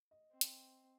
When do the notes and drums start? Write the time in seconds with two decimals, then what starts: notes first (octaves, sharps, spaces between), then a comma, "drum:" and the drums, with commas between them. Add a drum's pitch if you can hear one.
0.11 D#5
0.31 C4
0.41 drum: hi-hat